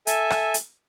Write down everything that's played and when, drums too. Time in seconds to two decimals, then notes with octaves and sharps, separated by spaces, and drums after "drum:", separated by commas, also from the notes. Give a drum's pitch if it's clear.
0.07 A4 E5 G#5, drum: hi-hat
0.30 drum: rim click
0.54 drum: hi-hat